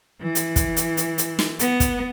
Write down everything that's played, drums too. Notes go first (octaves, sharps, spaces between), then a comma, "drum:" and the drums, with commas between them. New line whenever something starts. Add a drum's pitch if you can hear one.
E3
drum: hi-hat
drum: kick, hi-hat
drum: hi-hat
drum: hi-hat
drum: hi-hat
drum: snare
B3, drum: hi-hat
drum: kick, hi-hat